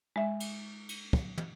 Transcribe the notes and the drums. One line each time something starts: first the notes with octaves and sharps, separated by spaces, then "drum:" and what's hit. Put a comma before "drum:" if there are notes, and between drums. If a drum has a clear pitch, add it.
G#3 E5
drum: cymbal
drum: cymbal
drum: kick
drum: tom